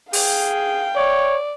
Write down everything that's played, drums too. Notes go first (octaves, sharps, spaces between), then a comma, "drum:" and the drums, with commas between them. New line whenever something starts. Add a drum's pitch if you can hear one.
G#4 F5 G5, drum: open hi-hat
C#5 D5